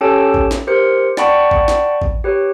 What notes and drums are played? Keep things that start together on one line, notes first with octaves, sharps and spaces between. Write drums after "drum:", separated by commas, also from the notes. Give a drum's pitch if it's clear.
C#4 G4 A4 C#5 G5 A5
drum: kick A1
drum: snare
G4 A#4 C5 C#7
D5 F#5 G5 A5 B5 C#6, drum: snare
drum: kick A1
drum: snare
drum: kick A1
G4 B4 C#5